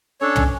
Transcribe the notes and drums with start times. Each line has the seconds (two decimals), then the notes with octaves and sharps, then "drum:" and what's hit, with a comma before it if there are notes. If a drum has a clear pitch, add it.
0.21 C#4 D4 A4 C#5
0.36 C#4, drum: tom